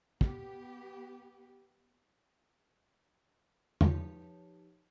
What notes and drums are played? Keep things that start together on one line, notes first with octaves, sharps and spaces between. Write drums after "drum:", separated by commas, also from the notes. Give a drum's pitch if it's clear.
B3 G4, drum: kick
F3 D#4 G4 B4 C#5 A5, drum: tom